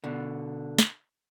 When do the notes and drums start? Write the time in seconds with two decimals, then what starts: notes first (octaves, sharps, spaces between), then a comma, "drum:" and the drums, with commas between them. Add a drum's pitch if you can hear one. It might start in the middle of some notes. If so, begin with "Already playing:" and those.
0.04 B2 D3
0.79 drum: snare